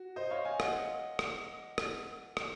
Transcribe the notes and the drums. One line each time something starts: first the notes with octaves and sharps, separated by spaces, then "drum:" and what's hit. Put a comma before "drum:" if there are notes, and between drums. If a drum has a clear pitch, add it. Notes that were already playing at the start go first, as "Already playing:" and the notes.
Already playing: F#4
C5 D#5
C#5 F5
F5 G#5
D#5 F#5, drum: rim click
drum: rim click
drum: rim click
drum: rim click